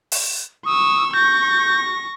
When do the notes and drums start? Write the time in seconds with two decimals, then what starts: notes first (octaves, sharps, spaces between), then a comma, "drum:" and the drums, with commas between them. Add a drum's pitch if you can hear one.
0.12 drum: open hi-hat
0.66 C#6 D#6 E6
1.13 C#6 G6 A#6